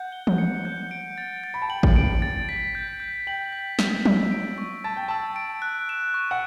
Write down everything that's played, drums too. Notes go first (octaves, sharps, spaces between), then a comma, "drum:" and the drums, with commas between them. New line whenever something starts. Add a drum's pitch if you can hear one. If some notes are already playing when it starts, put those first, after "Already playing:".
Already playing: F#5 G6
G7
drum: tom E3
C#7
G6
D7
A6
A6
B5
A5
G5 F#7
drum: kick A1
D7
A6
B6
G6
G6
G5 F#7
B6
G6, drum: snare
E6, drum: tom F3
D7
C#6
A5 A6
G5
A5 E6
D7
F#6
E7
C#6
F#5